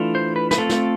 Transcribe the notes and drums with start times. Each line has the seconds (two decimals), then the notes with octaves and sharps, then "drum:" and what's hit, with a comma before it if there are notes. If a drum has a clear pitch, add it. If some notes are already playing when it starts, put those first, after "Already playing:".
Already playing: E3 A3 D4 F4
0.15 C5
0.36 B4
0.51 B4, drum: snare
0.58 A3 C4 F4 A4
0.69 drum: snare